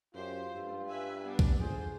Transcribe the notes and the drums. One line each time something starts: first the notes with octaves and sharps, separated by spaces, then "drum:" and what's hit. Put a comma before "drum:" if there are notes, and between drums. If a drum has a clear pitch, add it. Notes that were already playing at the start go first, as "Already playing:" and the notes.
F#2 F4 G4 C5
G2 A3
B4 E5 G#5
G3 B3 D4
drum: kick
D2 F4 G#4 C5